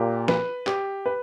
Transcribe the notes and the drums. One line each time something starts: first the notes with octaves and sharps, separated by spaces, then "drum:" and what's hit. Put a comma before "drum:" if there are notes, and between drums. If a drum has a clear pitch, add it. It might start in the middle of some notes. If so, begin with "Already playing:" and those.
Already playing: A#2 G4
B4, drum: snare
G4, drum: clap
B4